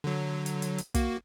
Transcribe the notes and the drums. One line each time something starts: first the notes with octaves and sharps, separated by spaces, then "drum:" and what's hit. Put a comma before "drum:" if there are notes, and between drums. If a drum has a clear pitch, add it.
D3 F#3
drum: hi-hat
drum: hi-hat
drum: hi-hat
A#3 F#4, drum: kick, hi-hat